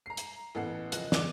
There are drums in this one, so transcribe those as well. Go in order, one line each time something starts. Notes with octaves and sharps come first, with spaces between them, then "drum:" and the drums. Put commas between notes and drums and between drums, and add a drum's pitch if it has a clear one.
A#5 C7
drum: hi-hat
A1 E3 B3 A4 F#5 C7
F#1 F3 D#5 F#6, drum: hi-hat
D5 D6, drum: snare